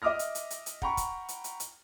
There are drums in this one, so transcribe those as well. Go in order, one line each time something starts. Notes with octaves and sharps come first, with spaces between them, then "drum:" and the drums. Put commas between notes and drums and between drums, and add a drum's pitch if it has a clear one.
D#5 E5 D6 D#6 F6 A#6
drum: hi-hat
drum: hi-hat
drum: hi-hat
drum: hi-hat
F#5 G5 A#5 B5 C#6, drum: kick
drum: kick, hi-hat
drum: hi-hat
drum: hi-hat
drum: hi-hat